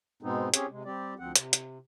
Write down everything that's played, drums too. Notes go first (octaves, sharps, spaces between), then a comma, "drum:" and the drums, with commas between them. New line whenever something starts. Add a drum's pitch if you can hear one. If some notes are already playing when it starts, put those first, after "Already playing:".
G#2 B2 G#3 B3 C4 D#4
C4 C#4 G4 G#4 C#5, drum: hi-hat
C3 G#3
G3 C4 G4 D5
D2 F3 C4 F#5
C3, drum: hi-hat
drum: hi-hat